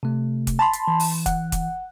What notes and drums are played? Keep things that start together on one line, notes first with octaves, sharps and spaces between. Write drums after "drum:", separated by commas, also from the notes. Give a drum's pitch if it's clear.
C3 A3
drum: kick, hi-hat
A5 B5 C6
drum: hi-hat
E3
drum: open hi-hat
F#5, drum: kick, hi-hat
drum: kick, hi-hat